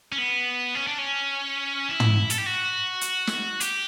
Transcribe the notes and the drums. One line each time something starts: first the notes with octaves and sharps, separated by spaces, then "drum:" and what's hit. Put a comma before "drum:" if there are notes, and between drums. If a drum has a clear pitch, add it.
C#4
B3
C#4
D4
C#4
E4
drum: tom
A4, drum: hi-hat
G4
F#4
drum: hi-hat
drum: snare
G4, drum: hi-hat